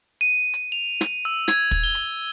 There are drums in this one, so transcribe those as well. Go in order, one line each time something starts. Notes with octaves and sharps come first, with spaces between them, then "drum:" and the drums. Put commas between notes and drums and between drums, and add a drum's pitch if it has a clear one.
D#7
drum: hi-hat
F7
drum: snare
E6
G#6, drum: snare
drum: kick
G7
drum: hi-hat